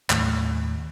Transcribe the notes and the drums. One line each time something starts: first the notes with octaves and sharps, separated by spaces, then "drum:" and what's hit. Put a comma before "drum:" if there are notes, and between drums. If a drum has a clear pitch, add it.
D#2 A2, drum: clap